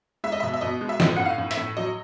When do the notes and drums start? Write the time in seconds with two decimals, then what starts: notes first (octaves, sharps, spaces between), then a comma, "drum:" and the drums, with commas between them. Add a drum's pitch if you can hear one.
0.24 G#3 E5
0.32 D#5
0.40 E5
0.43 B2
0.53 E5
0.61 B2 D#5
0.81 G#3
0.89 E5
1.00 A2 D#5, drum: snare
1.16 A2 F#5
1.25 F5
1.38 A2
1.51 E5, drum: hi-hat
1.57 A2
1.77 F#3 D#5